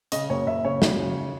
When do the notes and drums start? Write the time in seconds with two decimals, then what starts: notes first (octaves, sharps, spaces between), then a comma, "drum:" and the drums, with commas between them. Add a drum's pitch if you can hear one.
0.12 C#3 D#5, drum: hi-hat
0.30 F#1 C#5
0.47 F#1 E5
0.65 C#3 C#5
0.82 F#2, drum: snare
0.99 C#3